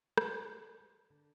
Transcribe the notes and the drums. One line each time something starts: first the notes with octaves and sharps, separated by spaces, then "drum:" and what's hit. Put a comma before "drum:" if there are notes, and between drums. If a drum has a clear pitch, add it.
G3, drum: rim click
B4
D3